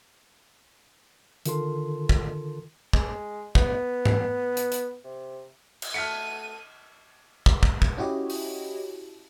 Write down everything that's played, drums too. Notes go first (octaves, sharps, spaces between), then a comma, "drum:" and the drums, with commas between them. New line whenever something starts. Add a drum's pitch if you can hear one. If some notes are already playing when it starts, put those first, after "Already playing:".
D3 D#3 F4 A4 A#4 C6, drum: hi-hat
drum: kick
G#3, drum: kick
B3, drum: kick
drum: tom G#2
drum: hi-hat
drum: hi-hat
C3
drum: cymbal
A3 F#4 F#5 A5 F6 B6 C#7 D#7
drum: kick
drum: kick
drum: kick
C#4 E4 F#4 G4 C#5 D#5
drum: open hi-hat